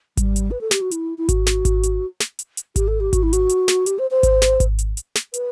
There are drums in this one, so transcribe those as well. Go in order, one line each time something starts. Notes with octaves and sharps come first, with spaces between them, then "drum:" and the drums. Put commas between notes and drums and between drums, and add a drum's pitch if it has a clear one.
G3, drum: kick G#1, hi-hat
drum: hi-hat
B4
A4
G4, drum: snare
F#4
E4, drum: hi-hat
E4
F#4, drum: kick G#1, hi-hat
drum: snare
drum: kick G#1, hi-hat
drum: hi-hat
drum: snare
drum: hi-hat
drum: hi-hat
G4, drum: kick G#1, hi-hat
A4
G4
F#4, drum: kick G#1, hi-hat
E4
F#4, drum: hi-hat
drum: hi-hat
drum: snare
G4, drum: hi-hat
C5
C5
drum: kick G#1, hi-hat
drum: snare
drum: kick G#1, hi-hat
drum: hi-hat
drum: hi-hat
drum: snare
B4, drum: hi-hat